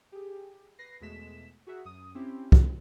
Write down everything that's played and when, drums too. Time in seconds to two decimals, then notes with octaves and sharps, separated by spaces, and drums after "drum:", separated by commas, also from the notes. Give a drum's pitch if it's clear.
0.12 G4 G#4
0.79 B4 A#6 C7
1.01 E2 B2 G#3 A3 B6 E7
1.67 F#4 G#4 A#4 E5 F#5
1.85 F#2 D#6
2.15 C4 C#4 E4 G4 C5
2.52 drum: kick